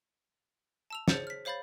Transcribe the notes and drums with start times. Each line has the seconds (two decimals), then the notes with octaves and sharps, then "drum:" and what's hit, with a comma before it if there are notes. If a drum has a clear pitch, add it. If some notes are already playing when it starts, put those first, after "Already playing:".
0.90 A5 E6 F7
1.08 G#4 C5 C#5 G6 A6 C#7, drum: snare
1.27 F6 B6
1.45 C5 C#5 F5 B5 G6 A6